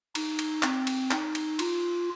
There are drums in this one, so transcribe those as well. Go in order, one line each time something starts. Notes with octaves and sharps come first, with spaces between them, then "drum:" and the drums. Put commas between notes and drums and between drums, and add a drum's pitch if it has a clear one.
D#4, drum: cymbal
drum: cymbal
C4, drum: clap
drum: cymbal
D#4, drum: clap
drum: cymbal
F4, drum: cymbal